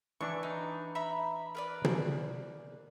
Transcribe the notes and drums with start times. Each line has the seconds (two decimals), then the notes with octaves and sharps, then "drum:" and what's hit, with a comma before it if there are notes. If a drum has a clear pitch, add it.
0.21 E3 D4 E4 C#6
0.43 D#4
0.95 E5 A#5 B5
1.55 A#4 B4 D5
1.85 drum: tom